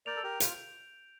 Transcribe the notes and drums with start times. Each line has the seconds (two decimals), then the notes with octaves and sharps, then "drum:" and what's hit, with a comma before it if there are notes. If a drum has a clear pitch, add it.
0.06 A#4 D5 G6 D7 F7
0.16 A4
0.24 G4 A#4
0.40 F4, drum: hi-hat